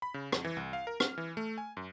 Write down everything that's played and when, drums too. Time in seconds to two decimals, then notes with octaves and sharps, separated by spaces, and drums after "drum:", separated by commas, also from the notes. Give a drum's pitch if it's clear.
0.02 B5
0.14 C#3
0.32 F2, drum: rim click
0.45 E3
0.57 C2
0.73 F5
0.87 A#4
1.00 F6, drum: rim click
1.18 E3
1.37 A3
1.58 G#5
1.77 F#2